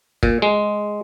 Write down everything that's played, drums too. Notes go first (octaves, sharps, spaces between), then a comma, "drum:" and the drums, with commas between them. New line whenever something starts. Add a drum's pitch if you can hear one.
A#2, drum: kick
G#3